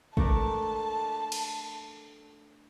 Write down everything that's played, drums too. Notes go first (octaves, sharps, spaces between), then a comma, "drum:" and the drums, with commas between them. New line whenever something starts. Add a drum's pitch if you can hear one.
A3 D4 A#4 A5, drum: kick
drum: cymbal